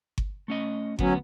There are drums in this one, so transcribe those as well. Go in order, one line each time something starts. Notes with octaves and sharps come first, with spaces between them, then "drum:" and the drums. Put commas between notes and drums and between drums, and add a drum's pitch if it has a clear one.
drum: kick G1
A3 C#4 D#5
D2 F#3 B3 C#4, drum: kick G1